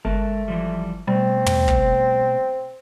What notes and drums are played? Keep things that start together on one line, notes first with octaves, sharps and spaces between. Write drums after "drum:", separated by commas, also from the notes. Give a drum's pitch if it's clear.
G1 G#3 A3 A#4 A5
E3 F3 G3
B2 G3 A3 C4
drum: tom
drum: kick